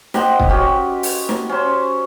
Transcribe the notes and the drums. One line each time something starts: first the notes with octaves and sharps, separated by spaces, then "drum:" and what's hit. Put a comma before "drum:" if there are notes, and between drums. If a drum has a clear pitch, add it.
G4 C5 D#5 F#5, drum: snare
drum: kick
C#4 F#4 G4
drum: open hi-hat
drum: snare
C#4 C5